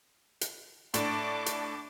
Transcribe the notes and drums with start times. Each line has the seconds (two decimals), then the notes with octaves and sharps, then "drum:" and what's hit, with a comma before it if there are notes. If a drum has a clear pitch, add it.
0.41 drum: hi-hat
0.94 A2 D4 A5 D6, drum: hi-hat
1.46 drum: hi-hat